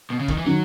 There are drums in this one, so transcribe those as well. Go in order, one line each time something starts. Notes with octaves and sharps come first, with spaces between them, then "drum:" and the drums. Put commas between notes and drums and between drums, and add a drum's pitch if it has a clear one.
B2
C#3
D#3, drum: kick
E3
D#3 F#3